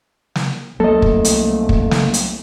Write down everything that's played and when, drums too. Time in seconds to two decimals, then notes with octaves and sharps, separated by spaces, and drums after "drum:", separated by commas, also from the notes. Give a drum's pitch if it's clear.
0.35 drum: snare
0.80 C2 F#3 A3 A#3 A4 D#5
1.02 drum: kick
1.25 drum: hi-hat
1.69 drum: kick
1.91 drum: snare
2.14 drum: hi-hat